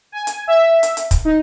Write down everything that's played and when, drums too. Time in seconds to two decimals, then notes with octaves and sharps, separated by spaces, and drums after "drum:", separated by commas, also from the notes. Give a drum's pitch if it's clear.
0.12 G#5
0.27 drum: hi-hat
0.47 E5
0.83 drum: hi-hat
0.97 drum: hi-hat
1.11 drum: kick, hi-hat
1.25 D#4